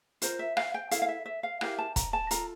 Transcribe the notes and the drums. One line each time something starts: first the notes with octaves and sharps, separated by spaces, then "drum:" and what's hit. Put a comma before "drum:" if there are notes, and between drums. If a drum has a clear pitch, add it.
F4 A#4 C5, drum: hi-hat
E5
F5, drum: rim click
G5
E4 A4 F5, drum: hi-hat
F5
E5
E5
F5
E4 G4 A#4 F5, drum: rim click
A5
A#5, drum: kick E1, hi-hat
A5
F4 A4 A#5, drum: hi-hat